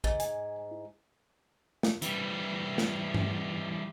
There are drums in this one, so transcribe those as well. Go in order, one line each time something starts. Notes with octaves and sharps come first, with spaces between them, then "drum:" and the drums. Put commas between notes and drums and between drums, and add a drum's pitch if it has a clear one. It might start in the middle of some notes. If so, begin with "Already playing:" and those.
D2 G#2 A6, drum: kick
G#5, drum: hi-hat
E4
drum: snare
E3 G3, drum: hi-hat
drum: snare
drum: tom G2